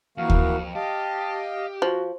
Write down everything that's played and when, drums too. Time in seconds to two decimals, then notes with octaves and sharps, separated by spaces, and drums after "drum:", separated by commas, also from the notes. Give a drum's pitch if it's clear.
0.18 F2 E3 A#3 F#4 F5
0.30 drum: kick D2
0.75 G4 D#5 F5 A5
1.82 F3 F#4